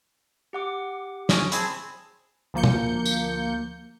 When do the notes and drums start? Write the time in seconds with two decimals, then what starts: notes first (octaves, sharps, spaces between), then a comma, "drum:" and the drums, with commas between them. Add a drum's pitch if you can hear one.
0.53 G4 F#5 D6
1.29 C#4 D#6, drum: snare
1.52 C4 G#4 A5 B5, drum: hi-hat
2.54 D2 F3 A#3 G6 C#7
2.64 drum: tom
3.06 drum: tambourine